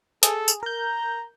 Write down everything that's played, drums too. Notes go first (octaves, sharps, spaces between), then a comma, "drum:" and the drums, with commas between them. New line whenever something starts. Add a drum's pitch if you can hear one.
G#4 A4, drum: hi-hat
drum: tambourine
A#4 A#5 G6